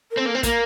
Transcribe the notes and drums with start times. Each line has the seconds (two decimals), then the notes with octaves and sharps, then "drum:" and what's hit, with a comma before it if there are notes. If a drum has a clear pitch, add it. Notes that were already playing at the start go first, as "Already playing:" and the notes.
0.11 A#4
0.17 C4 A4
0.26 A#3
0.34 C4 C5
0.43 A#3 A#4, drum: kick, hi-hat